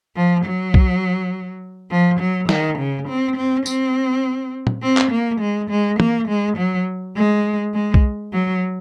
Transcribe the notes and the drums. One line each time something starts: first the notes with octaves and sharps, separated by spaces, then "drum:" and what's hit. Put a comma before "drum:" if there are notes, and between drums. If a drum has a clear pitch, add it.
F3
F#3
drum: kick B1
F3
F#3
D#3, drum: snare
C#3
C4
C4
C4, drum: tambourine
drum: tom
C4
drum: clap
A#3
G#3
G#3
A#3, drum: tom
G#3
F#3
G#3
G#3
drum: kick B1
F#3